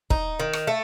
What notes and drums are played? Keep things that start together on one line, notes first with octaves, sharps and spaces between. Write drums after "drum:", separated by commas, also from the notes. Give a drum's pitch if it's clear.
D#4, drum: kick
D#3
drum: rim click
A3